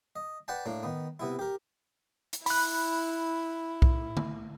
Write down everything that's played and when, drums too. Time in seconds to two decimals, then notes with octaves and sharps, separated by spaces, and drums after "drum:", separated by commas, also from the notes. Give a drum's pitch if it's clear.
0.16 D#5
0.48 B4 D5 F#5 G5 A5
0.66 A2 A#3 D4
0.83 D#3 B3
1.20 C3 B3 E4
1.39 G4 A#4
2.33 drum: hi-hat
2.46 E4 B5 F#6, drum: open hi-hat
3.82 drum: kick B1
4.17 drum: tom D3